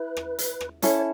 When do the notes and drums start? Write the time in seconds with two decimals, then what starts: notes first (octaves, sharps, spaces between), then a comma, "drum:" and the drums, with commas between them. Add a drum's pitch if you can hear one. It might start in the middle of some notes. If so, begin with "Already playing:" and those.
Already playing: E4 B4
0.17 drum: rim click
0.39 drum: hi-hat
0.61 drum: rim click
0.82 C#4 E4 A4 C#5, drum: hi-hat